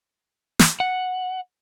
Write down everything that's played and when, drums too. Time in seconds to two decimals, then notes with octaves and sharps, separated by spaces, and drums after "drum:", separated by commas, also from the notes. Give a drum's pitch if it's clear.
0.59 drum: snare
0.80 F#5